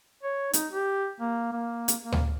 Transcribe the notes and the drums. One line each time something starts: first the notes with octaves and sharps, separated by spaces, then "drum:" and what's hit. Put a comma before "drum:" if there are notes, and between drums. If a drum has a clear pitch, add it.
C#5
D#4, drum: hi-hat
G4
A#3
A#3
drum: hi-hat
A#3
drum: tom D2